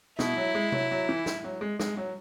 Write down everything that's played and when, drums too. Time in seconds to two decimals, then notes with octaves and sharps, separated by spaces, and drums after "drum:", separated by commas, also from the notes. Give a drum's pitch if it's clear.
0.19 B2 E4, drum: snare
0.37 F#3
0.55 G#3
0.72 F#3, drum: tom C3
0.91 F#3
1.09 E3
1.26 drum: snare
1.44 F#3
1.61 G#3
1.79 G#3, drum: snare
1.97 F#3